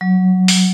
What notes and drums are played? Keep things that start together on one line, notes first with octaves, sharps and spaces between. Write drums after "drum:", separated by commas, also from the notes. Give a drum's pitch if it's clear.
F#3
drum: open hi-hat